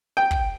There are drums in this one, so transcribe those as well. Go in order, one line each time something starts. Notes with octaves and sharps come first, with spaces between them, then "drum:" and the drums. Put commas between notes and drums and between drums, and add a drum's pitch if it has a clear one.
G5
drum: kick